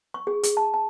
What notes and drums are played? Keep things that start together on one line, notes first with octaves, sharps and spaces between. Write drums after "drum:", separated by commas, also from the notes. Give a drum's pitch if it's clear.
C#6
G#4
G#4, drum: hi-hat
A5
A5